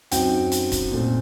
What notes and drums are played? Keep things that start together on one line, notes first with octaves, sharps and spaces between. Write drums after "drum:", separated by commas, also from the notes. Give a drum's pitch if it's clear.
F#2 F#3 C4 D#4 G5, drum: hi-hat
drum: hi-hat
drum: kick, hi-hat
A#2 A3 C4